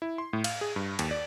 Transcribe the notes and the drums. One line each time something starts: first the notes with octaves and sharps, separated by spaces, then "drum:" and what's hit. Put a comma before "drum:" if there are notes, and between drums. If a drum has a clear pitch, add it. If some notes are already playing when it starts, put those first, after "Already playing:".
E4
C6
A2
F5, drum: cymbal
G#4
G2
D#2, drum: cymbal
D5